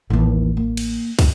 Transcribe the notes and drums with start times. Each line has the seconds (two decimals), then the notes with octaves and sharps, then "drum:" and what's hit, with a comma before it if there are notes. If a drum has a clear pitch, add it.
0.10 A1 D#2 E3
0.57 A#3
0.77 drum: cymbal
1.19 drum: kick, cymbal